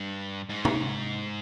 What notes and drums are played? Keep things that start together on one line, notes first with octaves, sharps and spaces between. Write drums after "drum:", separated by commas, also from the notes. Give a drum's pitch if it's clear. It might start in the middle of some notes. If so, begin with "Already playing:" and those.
Already playing: G2
G#2
drum: tom